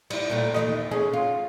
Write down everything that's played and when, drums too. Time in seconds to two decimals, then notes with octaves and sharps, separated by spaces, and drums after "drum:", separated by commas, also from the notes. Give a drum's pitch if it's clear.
0.10 G3 E4, drum: cymbal
0.30 A#2 G3 A3
0.54 D#2 E3 D#5, drum: rim click
0.91 C#4 G#4
1.13 F4